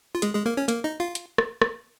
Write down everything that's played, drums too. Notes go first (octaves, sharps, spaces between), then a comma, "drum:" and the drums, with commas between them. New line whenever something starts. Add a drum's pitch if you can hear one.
F4
G#3 G#4, drum: hi-hat
G#3 G#4
A#3 A#4
C#4 C#5
A#3 A#4, drum: hi-hat
D#4 D#5
F4 F5
drum: hi-hat
drum: rim click
drum: rim click